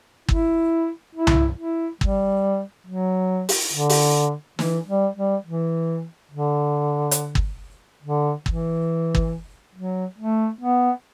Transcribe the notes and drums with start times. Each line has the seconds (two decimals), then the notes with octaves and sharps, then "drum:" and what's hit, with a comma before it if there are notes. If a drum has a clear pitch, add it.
0.29 E4, drum: kick
1.15 E4
1.27 drum: tom C2
1.58 E4
2.01 G3, drum: kick
2.87 F#3
3.49 drum: open hi-hat
3.73 D3
3.89 drum: open hi-hat
4.59 E3, drum: snare
4.87 G3
5.16 G3
5.45 E3
6.31 D3
7.11 drum: hi-hat
7.35 drum: kick
8.03 D3
8.46 E3, drum: kick
9.15 drum: kick
9.75 F#3
10.18 A3
10.61 B3